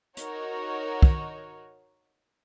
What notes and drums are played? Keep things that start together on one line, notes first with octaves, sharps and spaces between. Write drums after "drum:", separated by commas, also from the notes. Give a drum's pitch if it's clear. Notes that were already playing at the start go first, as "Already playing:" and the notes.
D#4 F#4 A#4 C#5, drum: hi-hat
drum: kick